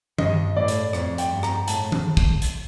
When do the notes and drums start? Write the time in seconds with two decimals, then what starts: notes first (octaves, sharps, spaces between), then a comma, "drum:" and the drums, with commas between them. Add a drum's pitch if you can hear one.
0.18 G2 D#5, drum: tom D#3
0.56 A2 D5
0.68 drum: hi-hat
0.93 F2, drum: rim click
1.18 G5, drum: hi-hat
1.30 G2
1.43 A#5, drum: rim click
1.68 A2 A5, drum: hi-hat
1.92 drum: tom D#3
2.17 drum: kick
2.42 drum: hi-hat